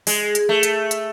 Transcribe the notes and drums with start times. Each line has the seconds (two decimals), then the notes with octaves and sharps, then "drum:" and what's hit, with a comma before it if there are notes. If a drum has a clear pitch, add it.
0.07 G#3, drum: open hi-hat
0.35 drum: hi-hat
0.49 A3
0.63 drum: hi-hat
0.91 drum: hi-hat